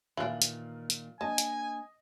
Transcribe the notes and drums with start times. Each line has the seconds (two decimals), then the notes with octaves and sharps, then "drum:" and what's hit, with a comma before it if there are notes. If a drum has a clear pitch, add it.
0.17 A#2 D#3 E3 A#3 D4 F5 F#7
0.42 drum: hi-hat
0.90 drum: hi-hat
1.21 A#3 D4 D#5 G#5 A5
1.38 drum: hi-hat